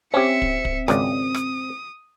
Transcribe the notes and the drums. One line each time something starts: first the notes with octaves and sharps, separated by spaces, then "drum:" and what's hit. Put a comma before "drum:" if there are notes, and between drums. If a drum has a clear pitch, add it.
C4 C#4 G4 E5 C#7
drum: kick
drum: kick
G#1 C#2 D5 D#6, drum: rim click
drum: rim click